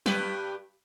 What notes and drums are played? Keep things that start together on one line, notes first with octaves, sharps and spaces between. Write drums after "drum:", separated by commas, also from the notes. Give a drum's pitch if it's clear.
G2 G4 B4, drum: snare